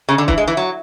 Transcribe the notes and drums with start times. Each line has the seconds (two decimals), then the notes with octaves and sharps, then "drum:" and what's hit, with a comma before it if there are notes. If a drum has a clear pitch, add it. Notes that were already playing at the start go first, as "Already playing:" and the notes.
0.09 C#3
0.18 D3
0.28 E3, drum: kick
0.38 G#3
0.48 E3
0.57 F#3